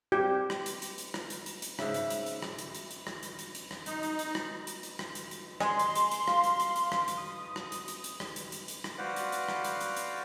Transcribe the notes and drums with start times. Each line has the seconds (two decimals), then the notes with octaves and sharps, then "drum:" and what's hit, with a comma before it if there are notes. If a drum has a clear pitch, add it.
0.12 G4
0.50 drum: rim click
0.66 drum: hi-hat
0.82 drum: hi-hat
0.98 drum: hi-hat
1.14 drum: rim click
1.30 drum: hi-hat
1.46 drum: hi-hat
1.62 drum: hi-hat
1.79 G#2 C#3 E5, drum: rim click
1.94 drum: hi-hat
2.10 drum: hi-hat
2.26 drum: hi-hat
2.42 drum: rim click
2.59 drum: hi-hat
2.75 drum: hi-hat
2.91 drum: hi-hat
3.07 drum: rim click
3.23 drum: hi-hat
3.39 drum: hi-hat
3.55 drum: hi-hat
3.71 drum: rim click
3.86 D#4, drum: hi-hat
4.03 drum: hi-hat
4.19 drum: hi-hat
4.35 drum: rim click
4.67 drum: hi-hat
4.83 drum: hi-hat
4.99 drum: rim click
5.15 drum: hi-hat
5.31 drum: hi-hat
5.60 G#3 C6, drum: rim click
5.79 drum: hi-hat
5.95 drum: hi-hat
6.12 drum: hi-hat
6.28 F5, drum: rim click
6.44 drum: hi-hat
6.60 drum: hi-hat
6.76 drum: hi-hat
6.92 drum: rim click
7.08 drum: hi-hat
7.17 D#6
7.56 drum: rim click
7.72 drum: hi-hat
7.88 drum: hi-hat
8.04 drum: hi-hat
8.20 drum: rim click
8.36 drum: hi-hat
8.52 drum: hi-hat
8.68 drum: hi-hat
8.84 drum: rim click
8.98 F#4 B4 C5 D5 F5 F#5
9.16 drum: hi-hat
9.32 drum: hi-hat
9.48 drum: rim click
9.65 drum: hi-hat
9.81 drum: hi-hat
9.97 drum: hi-hat